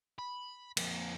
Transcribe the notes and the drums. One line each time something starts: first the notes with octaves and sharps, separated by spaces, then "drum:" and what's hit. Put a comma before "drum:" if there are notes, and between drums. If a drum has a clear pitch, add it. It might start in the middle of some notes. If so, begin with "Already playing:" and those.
B5
F2 A#3, drum: cymbal